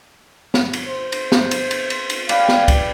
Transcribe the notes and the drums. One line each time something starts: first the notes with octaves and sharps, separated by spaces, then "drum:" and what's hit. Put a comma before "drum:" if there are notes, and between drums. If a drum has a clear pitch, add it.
drum: snare
drum: cymbal
C5
drum: cymbal
drum: snare
drum: cymbal
drum: cymbal
drum: cymbal
drum: cymbal
G4 B4 D5 F5, drum: cymbal
drum: snare
drum: kick C2, cymbal